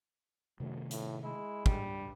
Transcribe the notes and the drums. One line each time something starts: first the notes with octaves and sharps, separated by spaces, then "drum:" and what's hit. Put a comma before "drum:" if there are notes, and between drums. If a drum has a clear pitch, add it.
F#2 C3 D#3 A3
A2, drum: hi-hat
G#3 E4
G2 G3, drum: kick